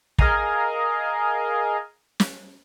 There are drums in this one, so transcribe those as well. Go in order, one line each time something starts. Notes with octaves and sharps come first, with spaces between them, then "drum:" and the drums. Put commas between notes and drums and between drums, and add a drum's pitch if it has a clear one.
G#4 A#4 D#5 F5 G#5 A#5, drum: kick
drum: snare